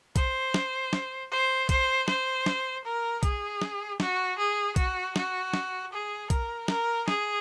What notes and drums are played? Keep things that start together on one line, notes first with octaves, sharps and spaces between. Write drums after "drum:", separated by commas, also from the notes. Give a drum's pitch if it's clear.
C5, drum: kick B1, hi-hat
drum: snare
drum: snare
C5
C5, drum: kick B1, hi-hat
C5, drum: snare
drum: snare
A#4
G#4, drum: kick B1, hi-hat
drum: snare
F#4, drum: snare
G#4
F#4, drum: kick B1, hi-hat
F#4, drum: snare
drum: snare
G#4
A#4, drum: kick B1, hi-hat
A#4, drum: snare
G#4, drum: snare